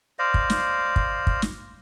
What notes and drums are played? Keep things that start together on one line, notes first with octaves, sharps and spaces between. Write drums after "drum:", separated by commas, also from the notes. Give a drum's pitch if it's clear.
C5 D5 D#5 F5
drum: kick
drum: snare
drum: kick
drum: kick
drum: snare